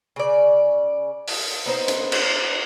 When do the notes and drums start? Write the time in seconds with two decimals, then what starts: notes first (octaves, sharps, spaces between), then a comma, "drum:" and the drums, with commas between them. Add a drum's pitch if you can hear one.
0.16 C#3 D5
1.28 drum: open hi-hat
1.66 B3 D#4 C5
1.88 drum: hi-hat
2.12 drum: cymbal